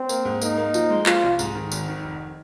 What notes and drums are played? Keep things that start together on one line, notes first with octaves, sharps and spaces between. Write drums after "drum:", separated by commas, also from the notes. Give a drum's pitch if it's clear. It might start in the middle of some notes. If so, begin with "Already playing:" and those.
Already playing: C4
A#3, drum: tambourine
G#2
A#3 D#4, drum: tambourine
A#3
F3, drum: tambourine
G#3
F3 F4, drum: clap
C2
G#2, drum: tambourine
D#3
G#1, drum: tambourine
D#3
F1